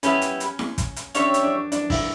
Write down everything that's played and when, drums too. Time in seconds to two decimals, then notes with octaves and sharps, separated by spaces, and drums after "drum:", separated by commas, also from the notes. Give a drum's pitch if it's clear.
0.03 B3 C#4 E4 G4 B4, drum: hi-hat
0.22 drum: hi-hat
0.40 drum: hi-hat
0.59 drum: snare E4
0.78 drum: kick, hi-hat
0.96 drum: hi-hat
1.15 C#4 D4 G4 C#5 E5, drum: hi-hat
1.34 drum: hi-hat
1.43 D4
1.72 D4, drum: hi-hat
1.90 E4, drum: kick, open hi-hat